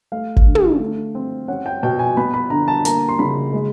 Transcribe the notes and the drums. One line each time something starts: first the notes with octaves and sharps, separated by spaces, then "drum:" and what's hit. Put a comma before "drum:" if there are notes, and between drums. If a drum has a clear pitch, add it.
A3 F5
drum: kick G1
D3
drum: tom
A3
C4
C#4 F#5
G5
B2 G5
G#5
B3 B5
B5
D3 A#5
A5
A#3 A#5, drum: hi-hat
C6
C#3 B5
G#3